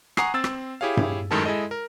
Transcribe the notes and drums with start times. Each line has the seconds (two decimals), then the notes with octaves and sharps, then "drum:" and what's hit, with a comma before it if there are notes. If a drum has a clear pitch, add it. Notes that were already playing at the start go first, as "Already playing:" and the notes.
0.17 F#5 G#5 A#5 C#6 D#6 C7, drum: rim click
0.34 C4 E6 A6
0.44 drum: rim click
0.81 E4 G4 G#4 C#5 F5
0.97 drum: tom G2
1.31 F#2 A2 D#3 G#3 A4 A5
1.45 G#3 E4 G#4 A4 D#5
1.71 A#4